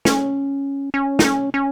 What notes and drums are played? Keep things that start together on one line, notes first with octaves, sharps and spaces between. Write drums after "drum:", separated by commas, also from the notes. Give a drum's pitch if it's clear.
C#4, drum: snare
C#4
D#4, drum: snare
C#4
C#4